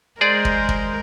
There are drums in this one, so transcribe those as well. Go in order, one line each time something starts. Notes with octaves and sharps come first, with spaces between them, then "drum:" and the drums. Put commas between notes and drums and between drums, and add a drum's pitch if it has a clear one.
G#3 G#4 A#4 C5 D5
drum: kick
drum: kick